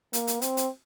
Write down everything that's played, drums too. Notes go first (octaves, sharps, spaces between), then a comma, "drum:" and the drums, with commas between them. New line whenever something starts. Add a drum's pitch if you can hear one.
A#3, drum: hi-hat
drum: hi-hat
C4, drum: hi-hat
drum: hi-hat